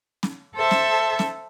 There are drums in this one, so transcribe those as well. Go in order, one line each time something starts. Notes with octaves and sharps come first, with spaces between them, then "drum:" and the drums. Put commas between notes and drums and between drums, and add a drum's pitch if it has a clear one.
drum: snare
A4 C5 E5 A5
drum: snare
drum: snare